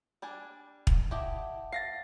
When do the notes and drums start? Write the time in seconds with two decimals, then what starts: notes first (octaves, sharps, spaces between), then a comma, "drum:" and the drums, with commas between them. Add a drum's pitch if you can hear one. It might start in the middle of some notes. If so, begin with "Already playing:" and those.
0.22 G3 D4 G#5
0.87 drum: kick
1.11 E4 G4 D#5 E5 F#5 A5
1.73 F5 A6 A#6 C7